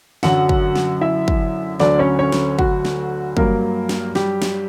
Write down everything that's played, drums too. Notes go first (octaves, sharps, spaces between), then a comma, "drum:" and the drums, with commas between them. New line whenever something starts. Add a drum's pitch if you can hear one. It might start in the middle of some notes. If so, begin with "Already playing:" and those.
F#2 D3 F#3 F#4 F#5, drum: snare
drum: kick
drum: snare
E4 E5
drum: kick
D2 D3 F#3 D4 D5, drum: snare
C#4 C#5
C#4 C#5
drum: snare
F#4, drum: kick
drum: snare
G2 F#3 A#3 A#4, drum: kick
drum: snare
G3 G4, drum: snare
drum: snare